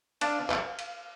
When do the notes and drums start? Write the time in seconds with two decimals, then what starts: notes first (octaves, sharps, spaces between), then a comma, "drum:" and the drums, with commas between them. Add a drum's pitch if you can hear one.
0.21 D4 F5, drum: cymbal
0.50 F5, drum: clap
0.79 drum: cymbal